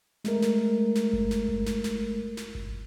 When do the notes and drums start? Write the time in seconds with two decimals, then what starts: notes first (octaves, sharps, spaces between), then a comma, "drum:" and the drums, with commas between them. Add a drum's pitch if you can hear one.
0.25 G#3 A3 A#4, drum: snare
0.42 drum: snare
0.95 drum: snare
1.13 drum: kick G1
1.31 drum: snare
1.49 drum: kick G1
1.66 drum: snare
1.84 drum: snare
2.37 drum: snare
2.55 drum: kick G1